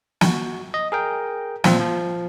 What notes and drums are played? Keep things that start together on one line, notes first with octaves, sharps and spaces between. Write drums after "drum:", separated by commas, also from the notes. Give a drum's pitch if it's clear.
F#4, drum: snare
D#5
G#4 A#4 G5
A#2 F3 C4 F4, drum: snare
F3